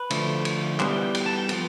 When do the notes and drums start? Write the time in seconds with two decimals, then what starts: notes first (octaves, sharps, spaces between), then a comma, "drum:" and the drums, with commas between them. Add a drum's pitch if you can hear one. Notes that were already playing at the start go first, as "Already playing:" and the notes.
Already playing: B4
0.10 D3 F3 A3, drum: cymbal
0.45 drum: cymbal
0.80 E3 G3 B3 C5, drum: clap
0.91 G5
1.03 G5
1.15 G5, drum: cymbal
1.26 A5
1.38 G5
1.49 F3 B3, drum: cymbal